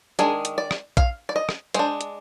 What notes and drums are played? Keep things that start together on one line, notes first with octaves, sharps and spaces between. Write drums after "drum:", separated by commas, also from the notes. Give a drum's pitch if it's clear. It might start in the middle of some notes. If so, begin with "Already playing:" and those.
D#3 G#3 D4 G#4, drum: hi-hat
drum: hi-hat
D5
drum: rim click
F5, drum: kick A#1, hi-hat
D5
D#5
drum: rim click
G#3 D4 C5, drum: hi-hat
drum: hi-hat